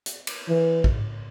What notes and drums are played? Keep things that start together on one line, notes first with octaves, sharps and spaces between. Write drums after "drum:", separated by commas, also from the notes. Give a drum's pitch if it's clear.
drum: hi-hat
drum: cymbal
E3
drum: kick